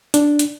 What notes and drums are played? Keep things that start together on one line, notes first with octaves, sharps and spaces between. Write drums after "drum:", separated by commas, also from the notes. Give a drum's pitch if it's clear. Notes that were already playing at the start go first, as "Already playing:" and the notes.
D4, drum: hi-hat
drum: hi-hat